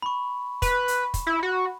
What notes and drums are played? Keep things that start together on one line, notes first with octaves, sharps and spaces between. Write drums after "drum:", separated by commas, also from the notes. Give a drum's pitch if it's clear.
B5 C#6
B4 B5, drum: kick, hi-hat
drum: hi-hat
drum: kick, hi-hat
E4
F#4